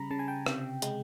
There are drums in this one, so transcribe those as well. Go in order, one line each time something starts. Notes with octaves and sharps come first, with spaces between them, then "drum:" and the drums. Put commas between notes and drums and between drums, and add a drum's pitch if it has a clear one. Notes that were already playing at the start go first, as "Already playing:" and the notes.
Already playing: C#3 G3 A#5 B5
C#3 A5
G#5
G5
C3, drum: rim click
G#3, drum: hi-hat